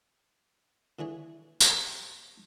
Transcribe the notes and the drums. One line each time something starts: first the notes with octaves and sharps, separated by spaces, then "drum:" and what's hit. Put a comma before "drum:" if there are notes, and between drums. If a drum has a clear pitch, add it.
D3 E3 G#4 C#5
drum: tambourine